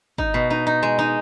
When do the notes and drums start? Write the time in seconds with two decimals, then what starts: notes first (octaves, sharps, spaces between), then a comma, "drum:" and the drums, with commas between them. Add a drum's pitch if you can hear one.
0.18 D#4, drum: kick
0.34 B2
0.50 D#4
0.67 D#4
0.83 G#3
0.99 D#4